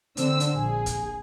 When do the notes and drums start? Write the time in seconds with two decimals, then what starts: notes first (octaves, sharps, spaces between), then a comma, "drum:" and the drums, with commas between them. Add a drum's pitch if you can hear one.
0.17 D3 C4 E6, drum: hi-hat
0.40 drum: hi-hat
0.55 A#1 G#4
0.86 drum: kick, hi-hat